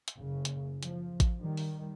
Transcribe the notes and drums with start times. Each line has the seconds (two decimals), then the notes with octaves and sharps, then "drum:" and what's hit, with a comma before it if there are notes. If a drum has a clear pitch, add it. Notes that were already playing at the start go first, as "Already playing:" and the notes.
0.08 drum: hi-hat
0.18 F#1 C#3
0.45 drum: hi-hat
0.83 F3, drum: hi-hat
1.20 drum: kick A1, hi-hat
1.40 D#3 G3
1.57 drum: open hi-hat